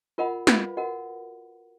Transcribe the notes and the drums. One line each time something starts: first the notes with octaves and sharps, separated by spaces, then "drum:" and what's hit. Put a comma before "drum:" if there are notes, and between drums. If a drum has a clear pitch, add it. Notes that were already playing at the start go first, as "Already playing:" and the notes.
F4 A#4 D#5 F#5 B5
F4 B4 F5 B5, drum: snare
F#4 A#4 D#5 F#5